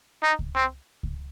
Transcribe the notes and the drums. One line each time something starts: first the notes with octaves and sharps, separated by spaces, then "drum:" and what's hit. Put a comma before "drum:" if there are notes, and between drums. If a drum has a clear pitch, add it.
D#4
drum: kick C#2
C4
drum: kick C#2